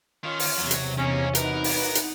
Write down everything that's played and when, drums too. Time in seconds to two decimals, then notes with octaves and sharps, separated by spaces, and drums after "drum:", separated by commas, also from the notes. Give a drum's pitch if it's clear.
0.24 D#3 C#4 F4
0.40 drum: open hi-hat
0.59 E2 C3 F#3
0.71 drum: hi-hat
0.97 D#3 A#3 C#4
1.35 F#2 D#4 A#4 B4 F#5, drum: hi-hat
1.64 drum: open hi-hat
1.95 drum: hi-hat